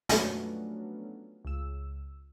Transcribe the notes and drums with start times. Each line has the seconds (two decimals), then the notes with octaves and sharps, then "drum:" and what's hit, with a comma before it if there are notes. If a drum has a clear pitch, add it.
0.09 F3 F#3 A3 B3 C#4 D4, drum: snare
1.45 C#2 E6